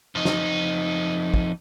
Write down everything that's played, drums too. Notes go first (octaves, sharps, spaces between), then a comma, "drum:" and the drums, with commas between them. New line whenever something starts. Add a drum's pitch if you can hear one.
F2 D#4
drum: snare
drum: kick